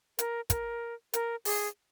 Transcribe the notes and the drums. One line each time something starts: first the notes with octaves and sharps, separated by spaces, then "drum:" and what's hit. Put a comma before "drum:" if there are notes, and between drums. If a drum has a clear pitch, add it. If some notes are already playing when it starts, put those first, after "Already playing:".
A#4, drum: hi-hat
A#4, drum: kick, hi-hat
A#4, drum: hi-hat
G#4, drum: open hi-hat